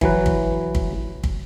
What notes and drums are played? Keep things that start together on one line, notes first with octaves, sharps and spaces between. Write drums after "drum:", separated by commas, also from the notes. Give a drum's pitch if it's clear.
E3 F#3 B4, drum: kick
drum: kick
drum: kick
drum: kick